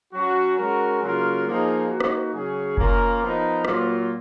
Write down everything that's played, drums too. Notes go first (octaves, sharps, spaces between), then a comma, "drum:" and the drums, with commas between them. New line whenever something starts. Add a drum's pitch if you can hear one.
F#3 C#4 F#4
G#3 C#4 F#4 A#4
C#3 F#3 A#3 F4 A#4
F3 A#3 D#4 G#4
A#3 D#4 F#4
drum: rim click
C#3 F#3 C#4 G#4
A#3 C#4 F4 A#4, drum: kick F#1
F3 B3 D#4 A#4
A#2 F#3 A#3 F4, drum: rim click